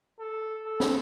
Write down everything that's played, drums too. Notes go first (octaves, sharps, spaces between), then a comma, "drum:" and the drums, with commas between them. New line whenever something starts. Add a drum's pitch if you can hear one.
A4
A4
drum: snare